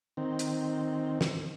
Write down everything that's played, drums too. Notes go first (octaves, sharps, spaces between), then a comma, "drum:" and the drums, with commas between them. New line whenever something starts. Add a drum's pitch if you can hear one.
D#3 C4
drum: hi-hat
drum: snare